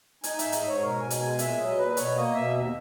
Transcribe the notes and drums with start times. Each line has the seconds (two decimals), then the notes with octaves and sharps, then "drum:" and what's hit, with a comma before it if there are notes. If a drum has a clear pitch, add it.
0.24 D#4 G#5, drum: hi-hat
0.39 G#2 E5, drum: hi-hat
0.52 D#5, drum: hi-hat
0.62 G#2 C#5
0.82 B2 A#4
1.00 B2 G#5
1.10 drum: hi-hat
1.21 G#3 G#5
1.39 A#2 E5, drum: hi-hat
1.58 F#3 D#5
1.77 A#2 B4
1.97 B2 C#5, drum: hi-hat
2.15 A#3 D#5
2.35 B2 E5
2.54 D#2